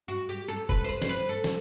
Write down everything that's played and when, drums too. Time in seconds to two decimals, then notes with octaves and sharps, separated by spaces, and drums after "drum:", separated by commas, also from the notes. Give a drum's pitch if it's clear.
0.08 F#4
0.29 G4
0.48 A4
0.69 B4, drum: kick F1
0.84 C5
0.89 B4
1.02 C5, drum: snare
1.09 B4
1.29 A4
1.44 drum: snare